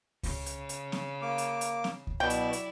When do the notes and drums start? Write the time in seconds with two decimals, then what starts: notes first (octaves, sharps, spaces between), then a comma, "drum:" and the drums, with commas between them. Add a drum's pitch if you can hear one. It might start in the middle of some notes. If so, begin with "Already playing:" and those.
0.23 C#3, drum: kick C#2, open hi-hat
0.46 drum: hi-hat
0.69 drum: hi-hat
0.92 drum: snare
1.22 A#3 D6
1.38 drum: hi-hat
1.61 drum: hi-hat
1.84 drum: snare
2.07 drum: kick C#2
2.20 B2 F#3 E4 D5 G5
2.30 drum: hi-hat
2.53 drum: hi-hat